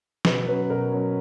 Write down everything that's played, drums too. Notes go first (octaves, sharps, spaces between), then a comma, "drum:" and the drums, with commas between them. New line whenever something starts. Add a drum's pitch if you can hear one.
B2 B4, drum: snare
F#3 C#4 B4
B2 A#4
F#3 C#4